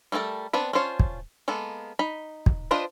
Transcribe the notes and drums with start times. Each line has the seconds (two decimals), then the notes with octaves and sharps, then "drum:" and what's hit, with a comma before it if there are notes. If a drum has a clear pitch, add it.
0.12 G3 A3 E4 A4 A#4
0.53 B3 C4 D4 B4
0.73 C#4 D4 F4 C5 C#5
1.00 drum: kick
1.48 G#3 A#3 B3 A4
1.99 D#4 B5
2.46 drum: kick
2.71 D4 F4 B4 C5 D#5